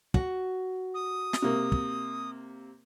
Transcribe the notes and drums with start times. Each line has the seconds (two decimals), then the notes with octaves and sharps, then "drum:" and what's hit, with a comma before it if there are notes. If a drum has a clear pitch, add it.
0.14 F#4, drum: kick
0.94 D#6
1.33 drum: snare
1.42 C3 A#3
1.72 drum: kick